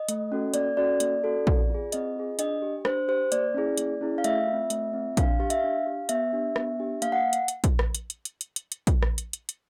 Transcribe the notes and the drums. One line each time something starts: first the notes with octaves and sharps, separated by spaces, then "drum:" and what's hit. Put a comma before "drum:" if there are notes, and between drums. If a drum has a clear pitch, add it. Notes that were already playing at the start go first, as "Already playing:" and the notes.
Already playing: D#5
A3, drum: hi-hat
C#4 F#4 A4
A#3 D5, drum: hi-hat
C#4 F#4 A4 D5
A#3, drum: hi-hat
C#4 F#4 A4
C4, drum: kick
F4 G#4
C4 D#5, drum: hi-hat
F4 G#4
D4 D#5, drum: hi-hat
G4
D4 C5, drum: rim click
G4 C5
A#3 D5, drum: hi-hat
C#4 E4 G#4
A#3, drum: hi-hat
C#4 E4 G#4
F5
A3 E5, drum: hi-hat
C4 F4
A3, drum: hi-hat
C4 F4
D4 F5, drum: kick, hi-hat
G4 F5
E5, drum: hi-hat
D4 F5
G4
B3 E5, drum: hi-hat
D4 G4
B3, drum: rim click
D4 G4
A#3 F5, drum: hi-hat
F#5
drum: hi-hat
drum: hi-hat
drum: kick, hi-hat
drum: rim click
drum: hi-hat
drum: hi-hat
drum: hi-hat
drum: hi-hat
drum: hi-hat
drum: hi-hat
drum: kick, hi-hat
drum: rim click
drum: hi-hat
drum: hi-hat
drum: hi-hat